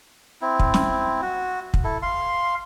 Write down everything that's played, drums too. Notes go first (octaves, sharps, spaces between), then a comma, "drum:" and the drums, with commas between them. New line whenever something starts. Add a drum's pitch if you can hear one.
C4 E4
drum: kick
drum: snare
F#4
drum: kick
E4 A4
F5 C6